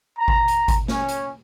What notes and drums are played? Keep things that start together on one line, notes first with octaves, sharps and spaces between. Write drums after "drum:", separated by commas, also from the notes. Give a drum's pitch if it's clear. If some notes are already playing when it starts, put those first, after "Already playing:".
A#5
drum: kick G#1
drum: hi-hat
drum: kick G#1, hi-hat
C#4, drum: snare
drum: hi-hat